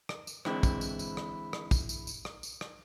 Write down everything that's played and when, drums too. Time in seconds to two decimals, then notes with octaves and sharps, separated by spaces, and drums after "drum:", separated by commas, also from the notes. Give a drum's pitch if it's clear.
0.09 drum: rim click
0.27 drum: tambourine
0.45 D3 E3 G#3 C4 E4, drum: rim click
0.63 drum: kick, tambourine
0.81 drum: tambourine
0.99 drum: tambourine
1.17 drum: rim click
1.53 drum: rim click
1.71 drum: kick, tambourine
1.89 drum: tambourine
2.07 drum: tambourine
2.25 drum: rim click
2.43 drum: tambourine
2.61 drum: rim click